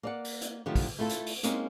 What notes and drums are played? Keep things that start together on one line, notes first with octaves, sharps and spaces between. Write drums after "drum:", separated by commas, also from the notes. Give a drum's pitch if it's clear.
A#3 D5 F#5
drum: open hi-hat
drum: hi-hat
D3 D#3 F3 A3 E4 G4
drum: kick, open hi-hat
A3 E4 F4 A4
drum: hi-hat
drum: open hi-hat
G#3 A#3 C4 C#4 D#4, drum: hi-hat